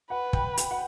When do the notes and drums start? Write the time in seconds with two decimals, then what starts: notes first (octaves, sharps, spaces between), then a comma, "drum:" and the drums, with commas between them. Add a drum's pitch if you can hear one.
0.10 B4 F#5
0.33 G5, drum: kick
0.57 G5, drum: hi-hat
0.71 F#5